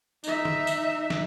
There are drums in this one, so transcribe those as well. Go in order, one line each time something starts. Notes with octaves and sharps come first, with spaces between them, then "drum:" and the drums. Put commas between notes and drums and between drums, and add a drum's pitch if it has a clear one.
D#4 E5, drum: tambourine
drum: tom D#3
drum: tambourine
drum: snare